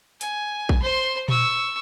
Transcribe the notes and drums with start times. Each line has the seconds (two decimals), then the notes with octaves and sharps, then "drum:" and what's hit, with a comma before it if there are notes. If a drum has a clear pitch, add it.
0.21 G#5, drum: hi-hat
0.69 drum: kick A#1
0.83 C5 C6
1.29 C#6 E6, drum: tom A#2